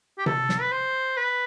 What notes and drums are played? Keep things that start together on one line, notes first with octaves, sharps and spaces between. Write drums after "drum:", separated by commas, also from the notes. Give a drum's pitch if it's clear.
G4
A4, drum: tom C3
drum: snare
B4
C5
B4